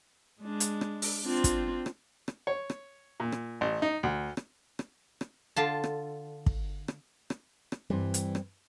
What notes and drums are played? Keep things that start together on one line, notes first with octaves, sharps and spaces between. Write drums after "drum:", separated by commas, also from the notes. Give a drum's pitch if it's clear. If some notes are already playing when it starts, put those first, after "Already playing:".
G#3 D4
drum: hi-hat
drum: rim click
drum: open hi-hat
C4 D4 F4
drum: kick, hi-hat
drum: rim click
drum: rim click
C#5
drum: rim click
A#2
drum: rim click
A1
D#4
D2
drum: rim click
drum: rim click
drum: rim click
D3 F4 A5
drum: rim click
drum: kick
drum: rim click
drum: rim click
drum: rim click
G2 E3 G3 C4
drum: hi-hat
drum: rim click